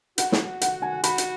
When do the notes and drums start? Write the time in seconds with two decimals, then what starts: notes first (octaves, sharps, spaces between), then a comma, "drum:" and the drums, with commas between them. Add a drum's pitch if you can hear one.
0.18 F#4 F#5, drum: hi-hat
0.32 drum: snare
0.61 F#5, drum: hi-hat
0.82 G#5
1.04 F#4 B5, drum: hi-hat
1.18 drum: hi-hat